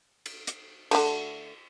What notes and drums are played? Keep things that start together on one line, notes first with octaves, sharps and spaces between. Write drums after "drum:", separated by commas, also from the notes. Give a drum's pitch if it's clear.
drum: cymbal
drum: hi-hat
D3 E3 A3, drum: cymbal